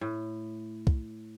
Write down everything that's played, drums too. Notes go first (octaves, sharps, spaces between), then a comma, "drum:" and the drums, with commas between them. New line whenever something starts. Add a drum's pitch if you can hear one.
A2
drum: kick